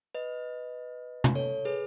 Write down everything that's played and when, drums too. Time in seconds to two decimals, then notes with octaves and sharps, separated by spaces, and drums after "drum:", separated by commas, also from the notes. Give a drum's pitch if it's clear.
0.15 B4 D#5
1.24 drum: tom
1.35 A4 C#5
1.65 G#4 B4